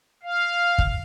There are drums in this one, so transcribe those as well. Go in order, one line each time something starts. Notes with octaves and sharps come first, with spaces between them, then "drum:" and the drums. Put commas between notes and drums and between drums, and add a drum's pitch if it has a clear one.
F5
drum: kick